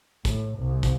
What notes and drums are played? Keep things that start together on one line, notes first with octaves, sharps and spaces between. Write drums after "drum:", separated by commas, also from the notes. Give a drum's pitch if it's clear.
A2, drum: kick, hi-hat
C2
drum: kick, hi-hat